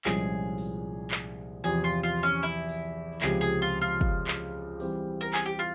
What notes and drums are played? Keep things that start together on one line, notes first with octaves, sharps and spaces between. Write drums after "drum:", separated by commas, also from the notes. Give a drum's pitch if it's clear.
C2 A#2 F3 G#3 C#4 G#4, drum: clap
drum: open hi-hat
drum: clap
E2 C3 F3 G#4, drum: hi-hat
F4
F4
C#4
E4
drum: open hi-hat
C#2 C3 F3 G#4, drum: clap
G#4
F4
F4
drum: kick
drum: clap
E3 G3 C4 G4, drum: open hi-hat
A#4
G#4, drum: clap
G4
F4